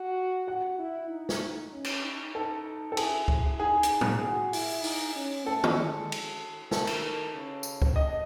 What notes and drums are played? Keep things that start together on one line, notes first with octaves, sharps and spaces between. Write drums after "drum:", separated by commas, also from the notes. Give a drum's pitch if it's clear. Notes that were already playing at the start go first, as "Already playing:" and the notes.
Already playing: F#4
F#4 F#5
E4
D#4
drum: snare
C#4
drum: cymbal
D#4
D#4 A4
A4
E4 G#4, drum: cymbal
E4, drum: kick C#2
D#4 G#4
drum: hi-hat
drum: tom
F#4 G#4
E4, drum: open hi-hat
D#4, drum: open hi-hat
C#4
A3 A4
drum: tom
G#3
drum: cymbal
D#3 A4, drum: snare
drum: cymbal
C#3
drum: tambourine
drum: kick C#2
D#5